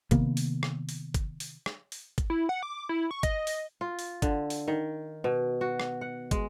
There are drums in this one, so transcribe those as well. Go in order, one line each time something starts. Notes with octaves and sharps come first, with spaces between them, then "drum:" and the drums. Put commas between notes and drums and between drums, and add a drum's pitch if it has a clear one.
C3 D#3 A#3 B3, drum: kick, hi-hat
drum: open hi-hat
drum: rim click
drum: open hi-hat
drum: kick, hi-hat
drum: open hi-hat
drum: rim click
drum: open hi-hat
drum: kick, hi-hat
E4
F#5
D6
E4
C#6
D#5, drum: kick, hi-hat
drum: open hi-hat
F4
drum: open hi-hat
D3, drum: kick, hi-hat
drum: open hi-hat
D#3
B2
F#4
drum: rim click
F#5
G#3, drum: kick, hi-hat